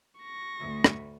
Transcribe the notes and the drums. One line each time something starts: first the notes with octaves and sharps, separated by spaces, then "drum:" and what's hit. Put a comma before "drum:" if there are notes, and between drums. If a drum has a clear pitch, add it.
C#6 A#6
D2
drum: rim click